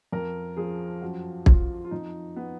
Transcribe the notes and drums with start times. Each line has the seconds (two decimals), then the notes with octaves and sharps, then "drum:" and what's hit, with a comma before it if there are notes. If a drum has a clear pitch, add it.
0.12 F2 A#4
0.57 F3 G#4
1.01 F#2 F#4
1.46 F3 F4, drum: kick
1.85 F4
1.91 F2 D#4
2.36 B3